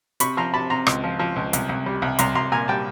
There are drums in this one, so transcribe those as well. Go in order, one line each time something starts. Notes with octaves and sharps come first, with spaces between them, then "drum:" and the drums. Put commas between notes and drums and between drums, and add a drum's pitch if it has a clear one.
C3 B5 C#6, drum: hi-hat
F3 A#5 C6
C3 A5 B5
C3 A#5 C6
C#2, drum: rim click
F3
F3
C#2
C2, drum: hi-hat
C2
G3
C2
C2 A#5 C6, drum: hi-hat
C2 A#5 C6
A#2 G#5 A#5
G3 G5 A5